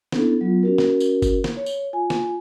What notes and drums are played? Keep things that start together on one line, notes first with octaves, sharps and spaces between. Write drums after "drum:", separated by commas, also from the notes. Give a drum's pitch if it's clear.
B3 C#4 D4 E4 A4, drum: snare
F#3 B3 F4
C#4 F#4 A#4
drum: snare
drum: tambourine
drum: kick G1, tambourine
drum: snare
C#5
drum: tambourine
F4 G#5
drum: snare